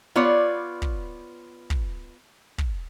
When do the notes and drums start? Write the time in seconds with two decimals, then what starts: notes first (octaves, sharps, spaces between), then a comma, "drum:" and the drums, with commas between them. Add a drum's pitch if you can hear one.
0.16 B3 F4 C#5 D5
0.82 drum: kick
1.70 drum: kick
2.58 drum: kick